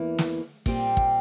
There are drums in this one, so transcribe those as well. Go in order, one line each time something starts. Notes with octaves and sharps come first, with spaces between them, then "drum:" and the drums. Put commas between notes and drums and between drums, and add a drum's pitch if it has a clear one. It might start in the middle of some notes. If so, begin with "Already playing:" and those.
Already playing: E2 E3 A#3
drum: snare
A#2 G3 C4 G4, drum: kick
drum: kick